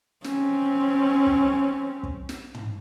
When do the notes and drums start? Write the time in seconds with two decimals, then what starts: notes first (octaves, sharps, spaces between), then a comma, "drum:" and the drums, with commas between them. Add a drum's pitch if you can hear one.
0.24 C4 C#4, drum: snare
1.27 drum: kick
2.03 drum: kick
2.29 drum: snare
2.54 drum: tom